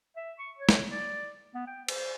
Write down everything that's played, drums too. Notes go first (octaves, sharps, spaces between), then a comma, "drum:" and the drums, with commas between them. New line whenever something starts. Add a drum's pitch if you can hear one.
E5
C#6
C#5
drum: snare
D5
B3
G5
C5, drum: cymbal